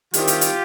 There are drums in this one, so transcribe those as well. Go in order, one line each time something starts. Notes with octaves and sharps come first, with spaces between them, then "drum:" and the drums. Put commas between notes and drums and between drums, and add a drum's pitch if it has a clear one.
D#3 G3 C4 E4 F4 G4, drum: hi-hat
drum: hi-hat
drum: hi-hat